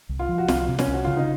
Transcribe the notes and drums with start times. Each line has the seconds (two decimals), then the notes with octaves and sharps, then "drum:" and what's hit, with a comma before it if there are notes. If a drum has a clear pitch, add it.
0.09 C2
0.19 F4
0.29 F3
0.38 F#4
0.48 C2 F4, drum: snare
0.68 C3
0.79 C#4, drum: snare
0.88 C2 F#4
1.04 C#3 F4
1.17 D#4